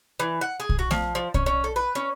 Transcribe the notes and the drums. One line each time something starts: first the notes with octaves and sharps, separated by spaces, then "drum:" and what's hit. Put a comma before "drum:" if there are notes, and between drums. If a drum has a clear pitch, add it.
E3
F#5
G#4
drum: kick B1
F#4
F3, drum: snare A3
F3
C#4, drum: kick B1
C#4
A4
B4
C#4